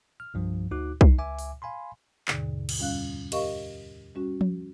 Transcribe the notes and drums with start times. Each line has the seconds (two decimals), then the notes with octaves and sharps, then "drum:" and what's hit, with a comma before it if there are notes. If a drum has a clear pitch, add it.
0.20 F6
0.34 C2 G2 F3
0.71 D2 D#4 F#4 D6 F#6
1.01 D#4, drum: kick B1
1.18 C#2 E5 G#5 D6
1.39 drum: open hi-hat
1.62 F5 G#5 B5 C6
2.28 D#2 G#2 B2 D3, drum: clap
2.69 drum: cymbal
2.79 F2 G3 C#4 F5 F#6
3.32 G4 A#4 D#5 F5 C#6, drum: cymbal
4.15 G3 C#4 F#4
4.41 drum: tom F3